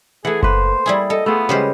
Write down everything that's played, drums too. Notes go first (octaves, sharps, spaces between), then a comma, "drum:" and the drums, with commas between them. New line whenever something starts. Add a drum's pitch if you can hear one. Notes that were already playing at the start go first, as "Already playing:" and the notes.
E3 A3 G#4 F#5
A#3 B4 C5, drum: kick F#1
G3 E4 G#4
A4 D#5
A3 B3 F4 G#4
C#3 G3 G#3 B4 C5